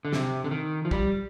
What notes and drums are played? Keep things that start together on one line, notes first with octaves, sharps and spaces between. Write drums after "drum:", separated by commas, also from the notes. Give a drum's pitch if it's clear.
D3
C3, drum: snare
D3
D#3
F3
G3, drum: kick